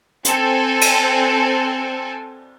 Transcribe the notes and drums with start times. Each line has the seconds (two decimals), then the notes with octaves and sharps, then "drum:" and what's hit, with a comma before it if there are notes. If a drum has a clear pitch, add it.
0.25 C4 A4 G#5, drum: hi-hat
0.81 drum: cymbal